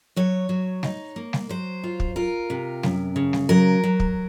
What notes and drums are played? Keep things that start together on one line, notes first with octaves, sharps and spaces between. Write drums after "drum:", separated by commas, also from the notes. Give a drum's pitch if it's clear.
F#3 C#5
F#3
D#4, drum: snare G3
A#3
drum: snare G3
F#3 C5
F4
drum: kick
F4 A#4
C3
F#2, drum: snare G3
C#3
drum: snare G3
F#3 A#4
F#3
drum: kick